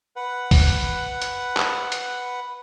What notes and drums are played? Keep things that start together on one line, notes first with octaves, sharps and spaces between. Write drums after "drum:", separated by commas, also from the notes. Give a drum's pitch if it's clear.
B4 F#5
drum: kick, open hi-hat
drum: hi-hat
drum: clap
drum: hi-hat